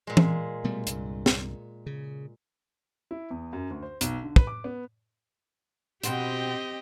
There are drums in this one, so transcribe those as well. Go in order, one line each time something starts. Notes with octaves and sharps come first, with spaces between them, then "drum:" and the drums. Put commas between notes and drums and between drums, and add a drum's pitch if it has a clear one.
A#2 G#3
drum: tom E3
B2 G3 A3
C2 G2, drum: hi-hat
drum: snare
C#3
E4
E2
F#2
D2
C5
B1, drum: hi-hat
D3
B4, drum: kick
D6
B3
B2 C4 F#4 G4 C5 D#5 G5, drum: hi-hat